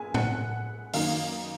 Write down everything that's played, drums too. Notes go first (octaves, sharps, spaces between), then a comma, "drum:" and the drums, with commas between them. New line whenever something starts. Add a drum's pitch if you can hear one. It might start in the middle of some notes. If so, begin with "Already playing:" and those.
Already playing: A#1 G#3 G#5
F#5, drum: tom A2
F#2 D#3 A#3 D#4 F5, drum: open hi-hat